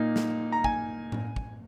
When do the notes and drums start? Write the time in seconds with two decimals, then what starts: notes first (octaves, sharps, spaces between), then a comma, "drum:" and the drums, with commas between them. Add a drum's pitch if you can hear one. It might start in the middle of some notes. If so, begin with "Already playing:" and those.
Already playing: A#2 A#3 D#4
0.16 drum: snare
0.52 A#5
0.64 G#5, drum: kick
1.12 drum: tom A2
1.36 drum: kick